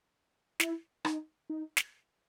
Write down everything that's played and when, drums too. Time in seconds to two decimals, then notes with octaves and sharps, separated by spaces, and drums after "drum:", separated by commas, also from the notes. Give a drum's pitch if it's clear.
0.60 E4, drum: snare
1.05 D#4, drum: rim click
1.50 D#4
1.77 drum: snare